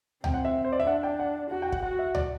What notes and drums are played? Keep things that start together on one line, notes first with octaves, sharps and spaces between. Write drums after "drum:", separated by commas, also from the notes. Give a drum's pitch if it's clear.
C4 G5, drum: tom C#2
F#5
E5
C5
D5
E5
D4 F#5
G5
F#5
F#4 F#5
G5
F#5, drum: kick
F#4 F#5
E5
D5, drum: tom C#2